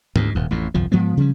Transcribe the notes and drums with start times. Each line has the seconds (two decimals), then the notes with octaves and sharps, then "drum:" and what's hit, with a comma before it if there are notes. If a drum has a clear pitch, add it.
0.16 D2 G#2, drum: tom G#2
0.35 D#1 D#2
0.51 A1 F2 A2
0.74 G1 C2 F2 F3
0.92 G#2 F3 G#3 B3
1.17 C3 F3 G3 C#4